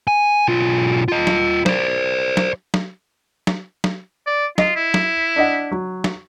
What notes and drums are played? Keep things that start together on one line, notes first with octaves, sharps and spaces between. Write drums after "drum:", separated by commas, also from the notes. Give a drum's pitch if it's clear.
G#5
B1 F4
F4 D#5
drum: snare F#3
C5 D5, drum: snare F#3
drum: snare F#3
drum: snare F#3
drum: snare F#3
drum: snare F#3
D5
F4 D#5, drum: snare F#3
E4
drum: snare F#3
D4 D#5 F#5
F#3
drum: snare F#3